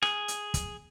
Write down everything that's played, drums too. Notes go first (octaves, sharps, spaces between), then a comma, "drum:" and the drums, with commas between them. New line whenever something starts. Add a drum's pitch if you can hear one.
G#4, drum: rim click
drum: hi-hat
drum: kick, hi-hat